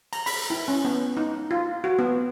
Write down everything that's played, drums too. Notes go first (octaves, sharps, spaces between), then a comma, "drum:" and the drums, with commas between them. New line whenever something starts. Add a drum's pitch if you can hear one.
A#5, drum: cymbal
B5, drum: open hi-hat
E4
C#4
B3
D#4
F4
F#4
B3